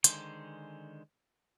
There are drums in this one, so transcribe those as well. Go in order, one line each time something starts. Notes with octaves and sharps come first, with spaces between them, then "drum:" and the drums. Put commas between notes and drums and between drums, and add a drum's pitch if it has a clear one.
D3 D#3 G#3 C5, drum: hi-hat